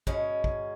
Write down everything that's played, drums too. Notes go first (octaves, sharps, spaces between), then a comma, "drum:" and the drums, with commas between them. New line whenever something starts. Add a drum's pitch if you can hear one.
B2 G#3 C#4, drum: kick
drum: kick